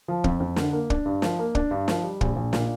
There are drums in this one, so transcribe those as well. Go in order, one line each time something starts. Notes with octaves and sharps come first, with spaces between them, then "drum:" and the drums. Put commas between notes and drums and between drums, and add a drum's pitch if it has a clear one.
F3
F2, drum: kick
F2
D3, drum: snare
A#3
D4, drum: kick
G2
F3, drum: snare
A#3
D4, drum: kick
G2
F3, drum: snare
G3
A#1, drum: kick
A#1
A#2, drum: snare